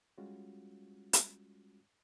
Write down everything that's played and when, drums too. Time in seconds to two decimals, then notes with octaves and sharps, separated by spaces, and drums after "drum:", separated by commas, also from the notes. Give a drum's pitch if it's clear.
0.18 G3 G#3 C#4 F4 F#4
1.13 drum: hi-hat